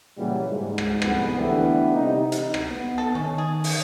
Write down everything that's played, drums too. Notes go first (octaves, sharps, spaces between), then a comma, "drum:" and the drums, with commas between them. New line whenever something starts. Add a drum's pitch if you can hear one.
A#2 C#3 E3 F#3 G3
G#2
drum: rim click
C2 F2 G#2 B3, drum: rim click
D3 E3 G3 A3 B3
C3 D#4
drum: hi-hat
drum: rim click
B3
A4
D#3 C#4
G#4
drum: open hi-hat